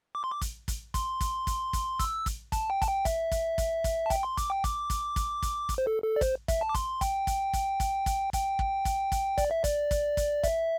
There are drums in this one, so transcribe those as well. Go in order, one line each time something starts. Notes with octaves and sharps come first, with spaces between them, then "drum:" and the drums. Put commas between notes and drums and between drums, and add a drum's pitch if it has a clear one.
D6
C6
D6
drum: kick, hi-hat
drum: kick, hi-hat
C6, drum: kick, hi-hat
drum: kick, hi-hat
drum: kick, hi-hat
drum: kick, hi-hat
E6, drum: kick, hi-hat
drum: kick, hi-hat
A5, drum: kick, hi-hat
G5
A5, drum: kick, hi-hat
G5
E5, drum: kick, hi-hat
drum: kick, hi-hat
drum: kick, hi-hat
drum: kick, hi-hat
A5
G5, drum: kick, hi-hat
C6
D6, drum: kick, hi-hat
G5
D6, drum: kick, hi-hat
drum: kick, hi-hat
drum: kick, hi-hat
drum: kick, hi-hat
drum: kick, hi-hat
C5
A4
A4
D5
C5, drum: kick, hi-hat
E5, drum: kick, hi-hat
A5
D6
C6, drum: kick, hi-hat
G5, drum: kick, hi-hat
drum: kick, hi-hat
drum: kick, hi-hat
drum: kick, hi-hat
drum: kick, hi-hat
G5, drum: kick, hi-hat
drum: kick
drum: kick, hi-hat
drum: kick, hi-hat
D5, drum: kick, hi-hat
E5
D5, drum: kick, hi-hat
drum: kick, hi-hat
drum: kick, hi-hat
E5, drum: kick, hi-hat